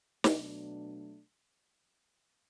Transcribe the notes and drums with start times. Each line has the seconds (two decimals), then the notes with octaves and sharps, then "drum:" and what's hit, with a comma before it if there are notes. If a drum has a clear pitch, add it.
0.24 B2 F#3 A3 D4, drum: snare